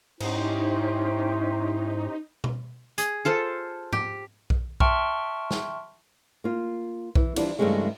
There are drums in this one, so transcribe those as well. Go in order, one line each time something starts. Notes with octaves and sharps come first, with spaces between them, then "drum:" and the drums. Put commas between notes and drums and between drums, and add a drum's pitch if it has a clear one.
G#2 C#4 D#4 E4 G4 C5, drum: cymbal
drum: tom
G#4, drum: hi-hat
F4 A4 C5
G4, drum: tom G#2
drum: kick B1
E5 G5 A5 C6 C#6 F6, drum: kick B1
drum: snare
A#3 F4
E3, drum: kick B1
E3 F3 G3 D4, drum: cymbal
G2 A#2 C#3 E3 G#3 A3